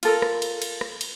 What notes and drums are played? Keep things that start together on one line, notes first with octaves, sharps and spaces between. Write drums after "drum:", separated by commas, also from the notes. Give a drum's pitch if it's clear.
F4 A4 A#4, drum: cymbal
drum: rim click
drum: cymbal
drum: cymbal
drum: rim click
drum: cymbal